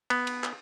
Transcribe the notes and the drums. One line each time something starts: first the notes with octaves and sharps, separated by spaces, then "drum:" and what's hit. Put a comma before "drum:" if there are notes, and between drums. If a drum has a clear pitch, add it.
B3, drum: cymbal
drum: cymbal
drum: clap